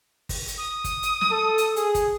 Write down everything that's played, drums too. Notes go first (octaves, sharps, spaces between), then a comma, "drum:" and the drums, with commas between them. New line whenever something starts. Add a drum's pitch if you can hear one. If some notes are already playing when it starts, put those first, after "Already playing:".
drum: kick, open hi-hat
drum: hi-hat
D#6
drum: kick, hi-hat
drum: hi-hat
drum: snare
A4
drum: hi-hat
G#4, drum: hi-hat
drum: kick, hi-hat